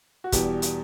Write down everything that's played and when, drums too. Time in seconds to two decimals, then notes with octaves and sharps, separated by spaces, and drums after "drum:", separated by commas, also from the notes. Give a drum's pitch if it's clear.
0.24 F#4
0.32 E2 B2 G3 G4, drum: kick, hi-hat
0.62 drum: hi-hat